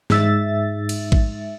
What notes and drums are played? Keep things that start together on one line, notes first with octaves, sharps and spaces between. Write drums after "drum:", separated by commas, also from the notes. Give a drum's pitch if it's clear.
G#2 E5 A6, drum: snare
drum: cymbal
drum: kick A1